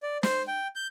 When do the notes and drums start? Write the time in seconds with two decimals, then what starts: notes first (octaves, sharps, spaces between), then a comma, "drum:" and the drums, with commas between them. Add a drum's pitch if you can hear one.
0.03 D5
0.23 C5, drum: snare
0.48 G5
0.76 G6